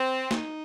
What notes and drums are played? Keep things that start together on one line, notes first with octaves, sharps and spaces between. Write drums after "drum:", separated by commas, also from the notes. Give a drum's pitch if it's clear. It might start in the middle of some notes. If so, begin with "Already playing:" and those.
Already playing: C4
D#4, drum: snare